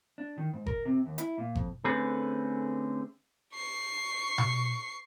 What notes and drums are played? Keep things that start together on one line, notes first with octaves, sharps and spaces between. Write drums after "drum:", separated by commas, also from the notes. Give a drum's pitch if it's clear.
D4
D#3
G#2
A#4, drum: kick G1
C3
D#2
E4, drum: hi-hat
A#2
F2, drum: kick G1
D3 A3 C4 C#4 G#4 B4
C#6 C7
drum: tom B2